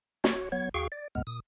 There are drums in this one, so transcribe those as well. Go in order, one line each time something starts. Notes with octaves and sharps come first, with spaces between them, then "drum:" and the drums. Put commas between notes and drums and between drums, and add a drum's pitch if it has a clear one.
F#4 C#5, drum: snare
F#3 B3 C#5 G#6
D#2 F#4 G#4 F5 G5 C#6
D5
D2 G2 A#2 G#3 B3 F6
A#2 D#6